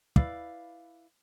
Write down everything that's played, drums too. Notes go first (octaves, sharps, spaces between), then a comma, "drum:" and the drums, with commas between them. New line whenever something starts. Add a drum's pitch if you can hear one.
E4 B4 D5 F5, drum: kick